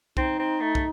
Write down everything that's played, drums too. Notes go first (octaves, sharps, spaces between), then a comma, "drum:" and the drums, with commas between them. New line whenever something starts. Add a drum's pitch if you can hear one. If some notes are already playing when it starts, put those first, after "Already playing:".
C4 D#4, drum: kick
C4
A3
drum: kick